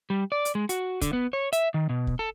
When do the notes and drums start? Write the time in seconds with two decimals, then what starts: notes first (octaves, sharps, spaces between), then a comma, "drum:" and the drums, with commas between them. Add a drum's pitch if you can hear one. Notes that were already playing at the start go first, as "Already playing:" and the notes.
0.10 G3
0.32 D5
0.45 drum: hi-hat
0.55 G#3
0.69 F#4, drum: hi-hat
1.02 D3, drum: kick, hi-hat
1.13 B3
1.33 C#5
1.53 E5, drum: hi-hat
1.74 D#3
1.89 B2
2.07 drum: kick
2.19 A4